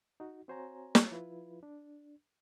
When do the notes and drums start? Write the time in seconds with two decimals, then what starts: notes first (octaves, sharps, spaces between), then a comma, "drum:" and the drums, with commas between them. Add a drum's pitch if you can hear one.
0.20 D#4 F#4
0.48 C4 F#4 C5 C#5 G#5 A#5
0.95 drum: snare
1.11 F3 E4 F4 B4
1.63 D4